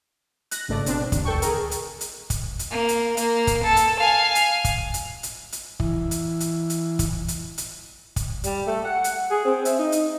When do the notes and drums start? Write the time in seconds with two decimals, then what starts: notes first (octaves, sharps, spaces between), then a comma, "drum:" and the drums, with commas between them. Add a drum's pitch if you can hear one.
0.51 F#6 A#6, drum: hi-hat
0.68 G#1 C#3 A3 D5
0.86 B2 C4 D4, drum: hi-hat
1.12 D#2, drum: kick, hi-hat
1.25 D2 A4 G5 C#6
1.42 G#4 A#4, drum: hi-hat
1.71 drum: hi-hat
2.01 drum: hi-hat
2.30 drum: kick, hi-hat
2.59 drum: hi-hat
2.71 A#3
2.89 drum: hi-hat
3.17 A#3, drum: hi-hat
3.47 drum: kick, hi-hat
3.63 A4
3.77 drum: hi-hat
3.99 F5 G#5
4.35 drum: hi-hat
4.64 drum: kick, hi-hat
4.94 drum: hi-hat
5.23 drum: hi-hat
5.52 drum: hi-hat
5.80 E3, drum: kick
6.11 drum: hi-hat
6.40 drum: hi-hat
6.70 drum: hi-hat
6.99 drum: kick, hi-hat
7.28 drum: hi-hat
7.58 drum: hi-hat
8.16 drum: kick, hi-hat
8.44 G3, drum: hi-hat
8.65 A3
8.83 F#5
9.04 drum: hi-hat
9.29 G#4
9.44 C4
9.65 E5, drum: hi-hat
9.78 D#4
9.92 drum: hi-hat